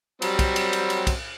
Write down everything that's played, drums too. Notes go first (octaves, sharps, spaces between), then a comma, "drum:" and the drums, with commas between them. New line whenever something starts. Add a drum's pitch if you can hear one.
F#3 G3 C4, drum: cymbal
drum: kick, cymbal
drum: cymbal
drum: cymbal
drum: cymbal
drum: kick, cymbal